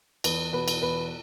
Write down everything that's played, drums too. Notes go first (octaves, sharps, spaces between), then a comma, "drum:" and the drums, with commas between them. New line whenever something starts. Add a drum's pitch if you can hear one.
E2 B4, drum: cymbal
B2 B4
drum: cymbal
E2 B4